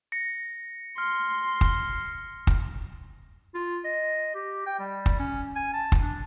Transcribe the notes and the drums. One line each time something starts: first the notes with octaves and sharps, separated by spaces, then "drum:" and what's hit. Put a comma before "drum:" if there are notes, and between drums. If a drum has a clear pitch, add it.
A#6 C#7
C6 F6
drum: kick
drum: kick
F4
D#5
G4
G5
G3
drum: kick
C#4
G#5
A5
drum: kick
D4